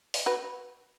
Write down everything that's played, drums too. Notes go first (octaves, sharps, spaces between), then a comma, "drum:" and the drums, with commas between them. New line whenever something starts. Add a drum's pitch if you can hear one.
drum: open hi-hat
F#4 B4